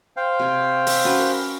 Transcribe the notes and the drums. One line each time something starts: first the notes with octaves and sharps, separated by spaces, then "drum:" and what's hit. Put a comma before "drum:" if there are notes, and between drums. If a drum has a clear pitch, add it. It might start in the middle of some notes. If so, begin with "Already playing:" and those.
C5 F5 G5
C3 C#5
D#5 E5, drum: open hi-hat
C#4 F#4 B4
A#4